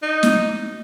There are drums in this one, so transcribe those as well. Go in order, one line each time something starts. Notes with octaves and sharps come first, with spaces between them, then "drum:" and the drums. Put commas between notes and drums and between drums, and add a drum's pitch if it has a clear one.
D#4
drum: snare